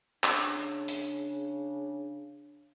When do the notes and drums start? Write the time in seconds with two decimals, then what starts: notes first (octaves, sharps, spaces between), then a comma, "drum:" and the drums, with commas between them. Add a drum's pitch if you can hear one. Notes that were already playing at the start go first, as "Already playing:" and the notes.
0.24 C#3 D4, drum: clap
0.88 drum: hi-hat